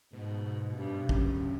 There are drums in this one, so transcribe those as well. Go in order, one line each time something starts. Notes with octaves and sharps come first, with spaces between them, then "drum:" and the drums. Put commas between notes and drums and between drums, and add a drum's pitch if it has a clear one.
G#2 B2
B2
G2
C3
F#2 C#3, drum: kick
C#3
C3